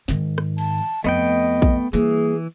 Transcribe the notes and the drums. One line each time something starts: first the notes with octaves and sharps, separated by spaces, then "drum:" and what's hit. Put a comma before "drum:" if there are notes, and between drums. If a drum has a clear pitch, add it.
G#2 D#3, drum: snare
drum: rim click
A5, drum: cymbal
F2 A3 B3 D#5 G5
drum: kick A#1
E3 G3 A#3 G#4, drum: tambourine